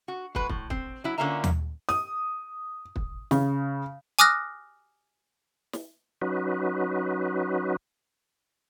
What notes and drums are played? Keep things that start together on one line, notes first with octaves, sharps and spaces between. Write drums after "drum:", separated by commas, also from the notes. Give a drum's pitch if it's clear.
F#4
G#3 F#4 B4, drum: kick
A2, drum: kick
C4, drum: kick
F#3 E4
D3 A#3 C#4 F4 E5 A#5
drum: tom D#2
D#6, drum: snare
drum: kick
C#3, drum: snare
G#5 D6 D#6 F6 F#6 A#6
drum: snare
F#3 C#4 D#4 F#4 B4